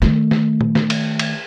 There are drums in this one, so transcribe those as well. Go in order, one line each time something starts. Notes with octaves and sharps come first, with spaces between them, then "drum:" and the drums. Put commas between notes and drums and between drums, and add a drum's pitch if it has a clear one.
D#3 A3, drum: snare
drum: snare
drum: tom A#2
drum: snare
drum: cymbal
drum: cymbal